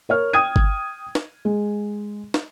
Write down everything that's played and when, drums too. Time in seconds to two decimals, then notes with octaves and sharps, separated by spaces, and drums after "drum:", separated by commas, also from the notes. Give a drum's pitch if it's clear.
0.09 A#4 C#5 F6
0.33 G5 D#6 G#6 D#7
0.56 drum: kick G1
1.15 drum: snare
1.45 G#3
2.34 drum: snare